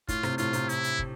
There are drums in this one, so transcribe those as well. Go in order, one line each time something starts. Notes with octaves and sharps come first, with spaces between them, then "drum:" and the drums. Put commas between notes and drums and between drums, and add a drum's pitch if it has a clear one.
A2 F4, drum: kick, hi-hat
A2 C3, drum: rim click
A2 F4, drum: hi-hat
A2 C3, drum: hi-hat
E4, drum: hi-hat
drum: hi-hat
drum: kick